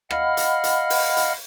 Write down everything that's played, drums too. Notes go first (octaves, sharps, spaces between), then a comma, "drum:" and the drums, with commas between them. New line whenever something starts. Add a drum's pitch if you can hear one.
D#5 F5 F#5 B5 F6, drum: rim click
drum: hi-hat
drum: hi-hat
drum: open hi-hat
drum: hi-hat